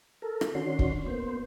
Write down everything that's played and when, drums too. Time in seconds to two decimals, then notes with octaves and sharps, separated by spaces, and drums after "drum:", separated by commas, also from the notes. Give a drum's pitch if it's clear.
0.22 A4 A#4
0.41 drum: rim click
0.55 D#3 C#4 D4 F#4 C6
0.79 drum: kick
1.06 A#3 B3 C5